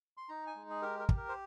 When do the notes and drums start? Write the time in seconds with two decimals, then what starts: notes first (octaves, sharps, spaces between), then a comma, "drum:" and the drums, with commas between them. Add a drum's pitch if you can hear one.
0.17 C6
0.29 D#4 A#5
0.47 G#5
0.56 G#3
0.70 G#4
0.82 G4 A#4
0.99 A#4
1.09 G4, drum: kick
1.17 A#4
1.29 C5